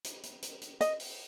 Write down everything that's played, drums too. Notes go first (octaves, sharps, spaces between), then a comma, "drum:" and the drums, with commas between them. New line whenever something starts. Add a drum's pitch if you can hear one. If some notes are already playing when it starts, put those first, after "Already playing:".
drum: hi-hat
drum: hi-hat
drum: hi-hat
drum: hi-hat
D#5, drum: hi-hat
drum: open hi-hat